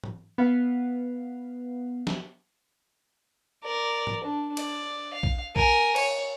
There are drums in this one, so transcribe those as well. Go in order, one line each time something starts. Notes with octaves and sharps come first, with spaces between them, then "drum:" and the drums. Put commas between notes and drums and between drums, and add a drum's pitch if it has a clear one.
drum: tom G#2
B3 F5
drum: snare
A#4 D5
drum: tom G#2
D4
D5, drum: cymbal
F5
drum: kick
A#4 G#5, drum: kick
C#5, drum: cymbal